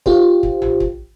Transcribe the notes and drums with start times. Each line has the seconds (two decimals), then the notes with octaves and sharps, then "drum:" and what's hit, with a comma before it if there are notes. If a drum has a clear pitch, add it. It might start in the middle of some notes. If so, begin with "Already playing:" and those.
0.06 F4 G4 C5, drum: kick
0.43 drum: kick
0.62 drum: tom A#1
0.80 drum: kick